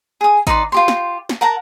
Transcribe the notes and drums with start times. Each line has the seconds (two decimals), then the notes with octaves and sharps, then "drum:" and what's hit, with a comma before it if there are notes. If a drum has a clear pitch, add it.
0.21 G#4 D#6
0.47 D#4 B4 D5 C6, drum: kick G#1, hi-hat
0.72 F4 G4 C6
0.88 drum: snare
1.29 drum: snare
1.41 A#4 F#5 A5 A#5